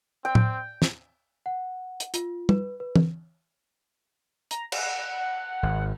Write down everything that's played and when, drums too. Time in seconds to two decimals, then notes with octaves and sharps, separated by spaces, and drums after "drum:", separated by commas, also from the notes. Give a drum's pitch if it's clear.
0.25 C4 G5
0.35 drum: tom A2
0.82 drum: snare
1.46 F#5
2.00 drum: hi-hat
2.14 F4, drum: hi-hat
2.49 B4, drum: tom
2.80 B4
2.96 drum: tom
4.51 A#5, drum: hi-hat
4.72 F#5, drum: cymbal
5.63 G#1